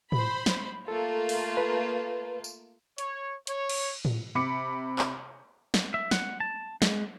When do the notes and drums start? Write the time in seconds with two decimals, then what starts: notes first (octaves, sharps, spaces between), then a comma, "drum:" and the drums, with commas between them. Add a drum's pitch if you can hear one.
0.12 C5 B5, drum: tom A2
0.46 drum: snare
0.88 A3 A#3 F4 A4
1.29 drum: open hi-hat
1.57 B4
2.44 drum: tambourine
2.98 C#5, drum: hi-hat
3.47 C#5, drum: hi-hat
3.69 drum: cymbal
4.05 drum: tom A2
4.35 C3 B5 D6 C#7
4.99 drum: clap
5.74 drum: snare
5.94 E5
6.11 F#5, drum: snare
6.40 A5
6.82 G#3, drum: snare